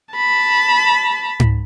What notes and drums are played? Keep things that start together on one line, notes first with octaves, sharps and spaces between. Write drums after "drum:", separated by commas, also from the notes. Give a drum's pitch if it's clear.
A5 B5
drum: tom G#2